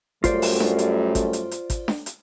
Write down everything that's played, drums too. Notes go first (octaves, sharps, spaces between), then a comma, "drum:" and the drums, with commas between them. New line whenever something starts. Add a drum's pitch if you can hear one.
F#2 G3 A3 F4 C5 D5, drum: kick G#1, hi-hat
drum: open hi-hat
drum: snare D4
drum: hi-hat
drum: kick G#1, hi-hat
drum: hi-hat
drum: hi-hat
drum: kick G#1, hi-hat
drum: snare D4
drum: hi-hat